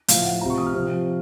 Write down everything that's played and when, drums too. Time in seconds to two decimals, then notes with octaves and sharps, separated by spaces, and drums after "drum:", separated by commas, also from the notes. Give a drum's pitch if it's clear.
0.08 A2 F3 F5, drum: hi-hat
0.25 F#5
0.41 C3 F3 A#5
0.50 C#6
0.58 D#6
0.66 F6
0.74 C3 F3